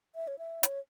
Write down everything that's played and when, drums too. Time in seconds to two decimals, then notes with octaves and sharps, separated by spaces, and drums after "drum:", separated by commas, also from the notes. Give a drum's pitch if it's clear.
0.15 E5
0.28 C#5
0.39 E5
0.63 C#5, drum: hi-hat